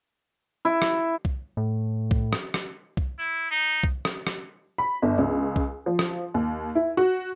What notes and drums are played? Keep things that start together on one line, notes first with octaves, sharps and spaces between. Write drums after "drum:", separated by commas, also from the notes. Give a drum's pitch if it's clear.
E4
drum: rim click
drum: kick B1
A2
drum: kick B1
drum: rim click
drum: rim click
drum: kick B1
E4
D#4
drum: kick B1
drum: rim click
drum: rim click
B5
G1
C#2
drum: kick B1
F3
drum: rim click
D#2
E4
F#4